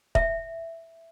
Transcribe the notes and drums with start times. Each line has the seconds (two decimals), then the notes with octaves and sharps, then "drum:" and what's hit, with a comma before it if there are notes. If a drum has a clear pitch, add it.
0.15 E5, drum: kick